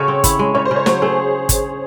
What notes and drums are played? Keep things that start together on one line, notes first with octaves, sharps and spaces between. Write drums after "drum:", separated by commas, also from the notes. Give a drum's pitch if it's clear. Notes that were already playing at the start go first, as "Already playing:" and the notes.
Already playing: C#3 F#4 A4 C#5
C4
E4, drum: kick, hi-hat
G#3
C#3 C#5
C5
C#3
C#5
F#3 C5, drum: snare
A3 G#4
drum: kick, hi-hat